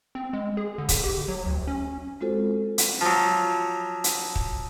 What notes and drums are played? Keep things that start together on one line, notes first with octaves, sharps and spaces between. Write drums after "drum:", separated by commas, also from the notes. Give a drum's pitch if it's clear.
C4
G#3
G#4
D3
drum: kick, hi-hat
G4
F#3
D2
C#4
G#3 C4 F4 F#4 A4 C5
drum: hi-hat
F3 F#3
drum: hi-hat
drum: kick